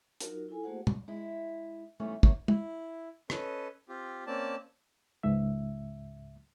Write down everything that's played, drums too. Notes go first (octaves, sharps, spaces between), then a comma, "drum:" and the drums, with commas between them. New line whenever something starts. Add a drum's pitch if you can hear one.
F#3 D#4 F4 F#4 A#4, drum: hi-hat
E4 F4 A4 G#5
A3 A#3 F#4 G#4 C5 F#5
drum: tom
G#3 E4
G#2 E3 G3 A3 B3 C#4
A3 A#3 G4 C#5, drum: kick
E4, drum: tom
C#4 A4 B4 D#5, drum: rim click
C4 F4 G4
A#3 C4 C#4 D5 A5
C#2 G#2 E5